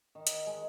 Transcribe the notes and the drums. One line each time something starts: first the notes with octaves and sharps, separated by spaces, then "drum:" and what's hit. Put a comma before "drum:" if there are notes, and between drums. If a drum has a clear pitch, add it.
D#3
drum: hi-hat
G#3